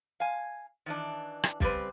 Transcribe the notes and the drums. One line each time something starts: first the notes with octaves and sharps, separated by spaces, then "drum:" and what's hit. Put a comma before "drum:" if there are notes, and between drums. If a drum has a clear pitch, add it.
F5 G#5
D#3 E3 D4
drum: rim click
C#3 G3 C4 B4, drum: kick